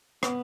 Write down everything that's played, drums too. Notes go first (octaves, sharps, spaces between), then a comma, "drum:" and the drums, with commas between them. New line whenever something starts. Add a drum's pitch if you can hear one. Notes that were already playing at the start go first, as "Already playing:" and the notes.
B3, drum: rim click